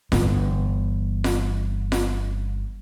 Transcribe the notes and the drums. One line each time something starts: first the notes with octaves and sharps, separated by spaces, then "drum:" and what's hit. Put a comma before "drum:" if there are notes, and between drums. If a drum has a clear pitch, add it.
G1 E3, drum: snare F4
drum: snare F4
drum: snare F4